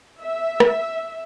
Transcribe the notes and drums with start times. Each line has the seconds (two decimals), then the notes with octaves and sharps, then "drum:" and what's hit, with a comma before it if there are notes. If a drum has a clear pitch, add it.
0.23 E5
0.60 drum: rim click